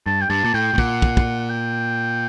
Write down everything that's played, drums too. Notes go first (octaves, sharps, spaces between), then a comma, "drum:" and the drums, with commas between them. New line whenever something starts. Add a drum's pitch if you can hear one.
G2 A5
G5
G2 A5
A#2
A2 G5
A2
A#2 F#5, drum: kick
drum: kick
drum: kick
F#5
G5